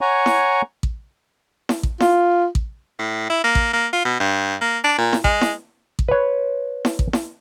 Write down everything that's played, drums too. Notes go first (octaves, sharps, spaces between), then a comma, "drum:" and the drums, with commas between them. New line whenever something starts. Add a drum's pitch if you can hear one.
C#5 F#5 G#5 A#5 C#6
drum: snare E4
drum: kick A1
drum: snare E4
drum: kick A1
F4, drum: snare E4
drum: kick A1
A2
E4
A#3
drum: kick A1
A#3
F4
B2
G2
A#3
D4
A#2
drum: snare E4
G#3, drum: kick A1
drum: snare E4
drum: kick A1
B4 C#5
drum: snare E4
drum: kick A1
drum: snare E4